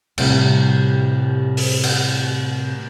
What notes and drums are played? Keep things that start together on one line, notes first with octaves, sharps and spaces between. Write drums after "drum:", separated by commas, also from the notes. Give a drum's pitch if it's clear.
A2 C3 G3, drum: cymbal
drum: open hi-hat
drum: cymbal